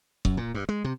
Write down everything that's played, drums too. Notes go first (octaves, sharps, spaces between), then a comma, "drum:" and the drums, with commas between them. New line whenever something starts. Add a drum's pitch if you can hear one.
F#2, drum: kick
A#2
G2
G#3
C3